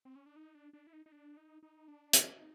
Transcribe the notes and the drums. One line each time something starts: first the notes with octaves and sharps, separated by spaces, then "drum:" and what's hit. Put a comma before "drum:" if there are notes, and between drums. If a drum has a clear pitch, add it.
C4
C#4
D4
D#4
D4
D4
E4
D#4
D#4
D4
D#4
D#4
D4
D#4, drum: hi-hat
D4
D#4